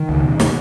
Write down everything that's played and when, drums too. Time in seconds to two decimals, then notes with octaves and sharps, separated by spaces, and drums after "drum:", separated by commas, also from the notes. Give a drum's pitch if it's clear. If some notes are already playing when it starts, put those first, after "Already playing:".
Already playing: D#3
0.09 C#2
0.24 B2
0.40 B2, drum: snare